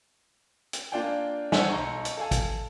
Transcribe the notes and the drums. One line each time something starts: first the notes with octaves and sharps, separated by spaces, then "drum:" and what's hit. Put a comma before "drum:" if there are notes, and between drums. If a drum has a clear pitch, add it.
drum: hi-hat
A#3 D4 F4 D5 G5 G#5
A4 C5 C#5 E5 F#5 G#5, drum: snare
B1 A#5 C#6
drum: hi-hat
A4 F5 G#5
drum: kick, hi-hat